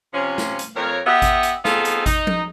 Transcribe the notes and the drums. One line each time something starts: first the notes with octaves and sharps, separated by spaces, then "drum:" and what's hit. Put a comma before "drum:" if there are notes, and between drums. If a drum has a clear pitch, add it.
C3 F3 C#4
drum: snare
drum: hi-hat
F2 A#4 C#5
B3 G4 D#5 E5 F#5
drum: kick G#1, hi-hat
drum: hi-hat
B3 C4 D#4 F4 G#4 A4, drum: snare
drum: hi-hat
D#4, drum: kick G#1, hi-hat
drum: tom F3